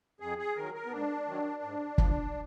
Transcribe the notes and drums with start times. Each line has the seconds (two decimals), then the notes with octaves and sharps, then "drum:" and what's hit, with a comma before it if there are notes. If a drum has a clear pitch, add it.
0.20 F2 G#4
0.38 G#4
0.56 D#3 F#3 A#4
0.74 A#4
0.86 B3
0.92 G#2 D4
1.27 D#3 F#3
1.63 G#2
1.98 F3, drum: kick